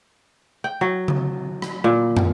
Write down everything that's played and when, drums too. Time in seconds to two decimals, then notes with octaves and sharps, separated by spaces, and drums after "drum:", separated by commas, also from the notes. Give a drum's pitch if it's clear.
0.64 G5
0.81 F#3
1.08 drum: tom C#3
1.62 drum: rim click
1.84 A#2
2.17 drum: tom